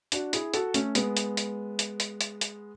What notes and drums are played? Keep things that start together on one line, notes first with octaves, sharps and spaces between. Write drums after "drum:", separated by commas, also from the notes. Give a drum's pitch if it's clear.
D4 F#4, drum: hi-hat
E4 G#4, drum: hi-hat
F#4 A4, drum: hi-hat
A3 C#4, drum: hi-hat
G#3 B3, drum: hi-hat
drum: hi-hat
drum: hi-hat
drum: hi-hat
drum: hi-hat
drum: hi-hat
drum: hi-hat